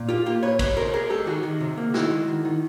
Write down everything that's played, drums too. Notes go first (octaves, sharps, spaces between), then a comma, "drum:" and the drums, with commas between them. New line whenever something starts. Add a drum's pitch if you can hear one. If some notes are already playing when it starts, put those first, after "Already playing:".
Already playing: A#2
A#3 F4 G4
A#3 F4 G4
A#2 B4 C#5
B2 B4 C#5, drum: kick, cymbal
B2 A#4 C5
B2 G#4 A#4
G#3 G4 A4
D#3 F#4 G#4
D#3
C3
A#3
D#3 E4 F#4, drum: snare
G#3
D#3
D#3